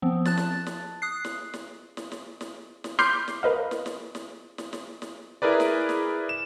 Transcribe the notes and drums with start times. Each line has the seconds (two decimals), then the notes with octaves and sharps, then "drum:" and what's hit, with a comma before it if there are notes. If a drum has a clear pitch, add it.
0.02 F3 B3 C4
0.25 A5 F#6 A6, drum: snare
0.37 drum: snare
0.66 drum: snare
1.02 D#6 F#6 C7
1.25 drum: snare
1.54 drum: snare
1.97 drum: snare
2.12 drum: snare
2.41 drum: snare
2.84 drum: snare
2.99 B5 C6 D6 F6 G6 C7, drum: snare
3.28 drum: snare
3.43 A#4 B4 D#5 F5
3.71 drum: snare
3.86 drum: snare
4.15 drum: snare
4.58 drum: snare
4.73 drum: snare
5.02 drum: snare
5.42 E4 G#4 A#4 B4 D5
5.60 drum: snare
5.89 drum: snare
6.29 E7